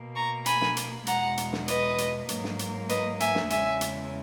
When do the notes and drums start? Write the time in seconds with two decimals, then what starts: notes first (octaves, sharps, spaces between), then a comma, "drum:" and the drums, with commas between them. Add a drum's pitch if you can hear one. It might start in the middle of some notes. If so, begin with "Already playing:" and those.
Already playing: B2 A#3
0.16 A#5 C#6
0.46 G#5 B5, drum: hi-hat
0.61 drum: snare
0.77 drum: hi-hat
1.07 E2 B2 G#3 F#5 A#5, drum: hi-hat
1.37 drum: hi-hat
1.53 drum: snare
1.68 B4 D#5, drum: hi-hat
1.98 drum: hi-hat
2.29 G#2 F#3 A#3, drum: hi-hat
2.44 drum: snare
2.59 drum: hi-hat
2.89 B4 D#5, drum: hi-hat
3.20 E5 G#5, drum: hi-hat
3.35 drum: snare
3.50 E2 C#3 G#3 E5 G#5, drum: hi-hat
3.81 drum: hi-hat